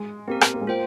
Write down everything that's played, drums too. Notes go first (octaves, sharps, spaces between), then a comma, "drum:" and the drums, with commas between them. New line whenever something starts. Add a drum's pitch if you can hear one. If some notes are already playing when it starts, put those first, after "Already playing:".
Already playing: G#3
A#3 C4 G4 A#4
A#3, drum: rim click
A#3
G#3
A#3 F4 C5 G5